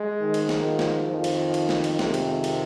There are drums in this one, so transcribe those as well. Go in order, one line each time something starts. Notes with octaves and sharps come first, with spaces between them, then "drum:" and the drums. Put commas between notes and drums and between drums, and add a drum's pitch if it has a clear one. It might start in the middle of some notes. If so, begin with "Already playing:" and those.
Already playing: G#3
G#2 D#3
drum: cymbal
drum: snare
F3
drum: snare
F2 D#3 F3
drum: cymbal
drum: cymbal
drum: snare
drum: cymbal
F2 C3 D#3 G#3, drum: snare
drum: cymbal
drum: cymbal